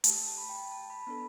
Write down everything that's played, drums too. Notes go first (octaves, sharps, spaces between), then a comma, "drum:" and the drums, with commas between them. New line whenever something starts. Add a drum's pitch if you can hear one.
A3 G4 A5, drum: hi-hat
A5
B5
G5
A5
A5
B5
B3 D4 A4 B5